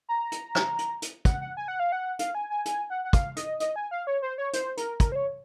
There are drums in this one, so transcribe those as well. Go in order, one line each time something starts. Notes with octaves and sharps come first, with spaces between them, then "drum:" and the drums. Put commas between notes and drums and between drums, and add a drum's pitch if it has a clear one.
A#5
drum: hi-hat
drum: rim click
drum: hi-hat
drum: hi-hat
F#5, drum: kick, hi-hat
F#5
G#5
F#5
F5
F#5
F5, drum: hi-hat
G#5
G#5
G#5, drum: hi-hat
F#5
F#5
F5, drum: kick, hi-hat
D#5, drum: hi-hat
D#5, drum: hi-hat
G#5
F5
C#5
C5
C#5
C5, drum: hi-hat
A#4, drum: hi-hat
A#4, drum: kick, hi-hat
C5
C#5